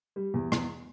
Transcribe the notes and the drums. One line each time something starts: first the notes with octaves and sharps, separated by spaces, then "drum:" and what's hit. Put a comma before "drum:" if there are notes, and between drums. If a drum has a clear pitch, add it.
G3
E2
E2, drum: rim click